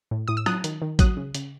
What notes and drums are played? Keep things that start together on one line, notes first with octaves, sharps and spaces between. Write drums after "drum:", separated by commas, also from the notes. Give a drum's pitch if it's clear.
A2
A2 D#6
E6
F#3 D#6 F#6, drum: rim click
D#3, drum: hi-hat
D#3
F#3 D#6 F#6, drum: kick A1, hi-hat
C#3
C#3, drum: hi-hat